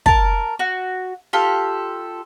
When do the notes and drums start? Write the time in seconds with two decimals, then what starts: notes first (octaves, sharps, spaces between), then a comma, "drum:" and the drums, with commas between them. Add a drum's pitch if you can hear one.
0.06 A#4 A5, drum: kick
0.59 F#4
1.33 F4 G4 A4